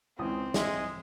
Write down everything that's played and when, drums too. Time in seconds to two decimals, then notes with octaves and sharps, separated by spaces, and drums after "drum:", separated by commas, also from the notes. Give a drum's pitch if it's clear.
0.19 C#2 E3 C4 D#6
0.54 G#3 D#5 E5, drum: snare